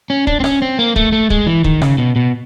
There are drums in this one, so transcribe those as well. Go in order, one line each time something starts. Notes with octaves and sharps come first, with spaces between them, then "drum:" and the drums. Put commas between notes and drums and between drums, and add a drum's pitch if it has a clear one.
C#4
D4, drum: kick
C4
C#4, drum: rim click
C4
A#3
A3, drum: kick
A3
G#3, drum: kick
E3
D#3, drum: kick
C#3, drum: rim click
B2
B2